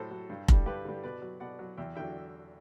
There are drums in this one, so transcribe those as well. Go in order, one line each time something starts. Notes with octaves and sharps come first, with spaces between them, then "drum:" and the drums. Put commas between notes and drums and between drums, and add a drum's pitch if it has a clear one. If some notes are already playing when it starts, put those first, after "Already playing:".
Already playing: A2 F#3 A4 C5
F#3
G2
D3 G3, drum: kick F1
G2 G4 B4
D3 G3
B2 B4 D5
F#3
B2 D5 F#5
F#3
E2 E5 G5
D3 F#3 E5 G5